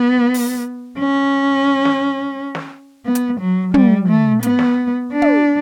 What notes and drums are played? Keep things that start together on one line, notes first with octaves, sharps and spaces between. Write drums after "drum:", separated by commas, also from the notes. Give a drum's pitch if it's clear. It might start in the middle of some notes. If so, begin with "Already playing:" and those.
Already playing: B3
drum: open hi-hat
C#4
drum: snare
drum: snare
B3
drum: hi-hat
F#3
G3, drum: tom
A3
B3, drum: hi-hat
drum: snare
D4
drum: tom